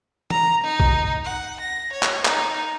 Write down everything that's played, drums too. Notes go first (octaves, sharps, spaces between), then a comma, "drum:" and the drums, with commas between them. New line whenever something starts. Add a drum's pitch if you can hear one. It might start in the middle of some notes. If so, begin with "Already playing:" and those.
A#5, drum: tom
D#4
drum: kick
F#5
A#6
C#5
drum: clap
D#4, drum: clap